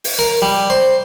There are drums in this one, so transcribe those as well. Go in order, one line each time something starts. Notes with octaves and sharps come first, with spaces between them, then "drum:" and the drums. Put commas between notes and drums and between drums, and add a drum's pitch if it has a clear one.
drum: open hi-hat
A#4
G3
C5